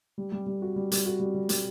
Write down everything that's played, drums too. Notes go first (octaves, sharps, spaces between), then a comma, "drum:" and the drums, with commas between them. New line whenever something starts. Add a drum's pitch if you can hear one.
G3
G3
G3
F#4
G3
G3, drum: hi-hat
F#4
G3
G3
G3, drum: hi-hat